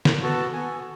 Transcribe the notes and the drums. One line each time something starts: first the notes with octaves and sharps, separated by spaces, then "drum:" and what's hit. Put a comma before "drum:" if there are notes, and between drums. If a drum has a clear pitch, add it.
drum: snare
B3 F#4 A4 A5
B3 F#4 A4 G#5